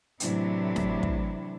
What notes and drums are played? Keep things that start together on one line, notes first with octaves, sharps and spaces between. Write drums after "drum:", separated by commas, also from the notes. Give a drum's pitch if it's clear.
A2 C3 E3 F#3 D4 E4, drum: hi-hat
drum: snare
drum: kick